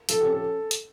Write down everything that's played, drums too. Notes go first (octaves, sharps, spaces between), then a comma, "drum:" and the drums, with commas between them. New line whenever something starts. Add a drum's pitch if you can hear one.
F3 A4, drum: hi-hat
C#4 G4
A4
drum: hi-hat